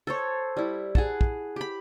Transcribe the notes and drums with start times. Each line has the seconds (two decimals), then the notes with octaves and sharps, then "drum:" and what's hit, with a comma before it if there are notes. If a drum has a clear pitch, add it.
0.07 A4 C5 C#5
0.57 G3 E4
0.95 G#4 F#5 A5, drum: kick
1.21 drum: kick
1.56 G4 B5